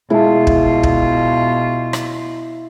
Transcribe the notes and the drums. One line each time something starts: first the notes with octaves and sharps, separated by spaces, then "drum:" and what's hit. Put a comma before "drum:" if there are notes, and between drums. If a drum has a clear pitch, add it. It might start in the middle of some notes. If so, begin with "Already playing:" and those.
B2 G#3 E4 F4 A5
drum: kick
drum: kick
drum: rim click